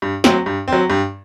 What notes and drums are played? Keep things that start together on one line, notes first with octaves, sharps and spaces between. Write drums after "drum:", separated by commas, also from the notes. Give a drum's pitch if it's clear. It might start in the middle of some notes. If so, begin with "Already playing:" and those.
G2
F#3 C4, drum: snare
G2
C4
F#3
G2